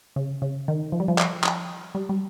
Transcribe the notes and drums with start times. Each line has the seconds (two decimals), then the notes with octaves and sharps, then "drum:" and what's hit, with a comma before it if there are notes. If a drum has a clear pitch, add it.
0.16 C#3
0.42 C#3
0.68 D#3
0.92 F3
1.00 G3
1.08 F3
1.18 drum: clap
1.44 drum: clap
1.95 G3
2.09 G3